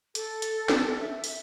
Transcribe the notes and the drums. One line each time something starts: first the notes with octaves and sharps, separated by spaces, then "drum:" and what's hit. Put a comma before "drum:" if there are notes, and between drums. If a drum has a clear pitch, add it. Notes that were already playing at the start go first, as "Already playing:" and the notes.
A4, drum: hi-hat
drum: hi-hat
drum: snare
E5
drum: open hi-hat